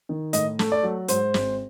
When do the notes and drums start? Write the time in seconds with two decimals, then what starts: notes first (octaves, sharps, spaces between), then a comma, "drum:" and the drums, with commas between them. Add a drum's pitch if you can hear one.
0.09 D#3
0.33 A2 D#5, drum: hi-hat
0.59 A3, drum: snare
0.72 D5
0.83 F#3
1.08 G#2 C5, drum: hi-hat
1.34 G#1, drum: snare